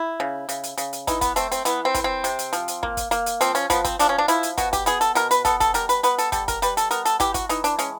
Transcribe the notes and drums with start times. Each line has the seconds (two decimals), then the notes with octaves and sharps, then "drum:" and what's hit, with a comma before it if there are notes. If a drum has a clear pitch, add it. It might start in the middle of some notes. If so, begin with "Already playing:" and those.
Already playing: E4
0.20 C#3
0.49 C#3, drum: hi-hat
0.63 drum: hi-hat
0.78 C#3, drum: hi-hat
0.93 drum: hi-hat
1.07 E3 D#4, drum: kick, hi-hat
1.21 B3, drum: kick, hi-hat
1.36 A3 C4, drum: hi-hat
1.52 C4, drum: hi-hat
1.65 E3 B3, drum: hi-hat
1.85 C4
1.94 E3, drum: kick, hi-hat
2.04 C4
2.24 C3, drum: hi-hat
2.39 drum: hi-hat
2.53 F3, drum: hi-hat
2.68 drum: hi-hat
2.83 A#3, drum: kick
2.97 drum: kick, hi-hat
3.11 A#3, drum: hi-hat
3.26 drum: hi-hat
3.41 F3 C4, drum: hi-hat
3.55 C#4, drum: hi-hat
3.70 F3 B3, drum: kick, hi-hat
3.85 C4, drum: kick, hi-hat
3.99 F3 D4, drum: hi-hat
4.09 C#4
4.18 D4
4.28 F3 E4, drum: hi-hat
4.43 drum: hi-hat
4.58 B2 F#4, drum: kick, hi-hat
4.73 G4, drum: kick, hi-hat
4.86 B3 G#4, drum: hi-hat
5.01 A4, drum: hi-hat
5.15 B2 A#4, drum: hi-hat
5.31 B4, drum: hi-hat
5.45 B3 A4, drum: kick, hi-hat
5.60 A4, drum: kick, hi-hat
5.74 G3 A#4, drum: hi-hat
5.89 B4, drum: hi-hat
6.03 B3 B4, drum: hi-hat
6.18 A4, drum: hi-hat
6.32 G3 A4, drum: kick, hi-hat
6.48 A#4, drum: kick, hi-hat
6.62 G3 B4, drum: hi-hat
6.77 A4, drum: hi-hat
6.91 B3 A#4, drum: hi-hat
7.05 A4, drum: hi-hat
7.20 E3 G4, drum: kick, hi-hat
7.34 F#4, drum: kick, hi-hat
7.49 E3 D#4, drum: hi-hat
7.64 D4, drum: hi-hat
7.79 G#3 C#4, drum: hi-hat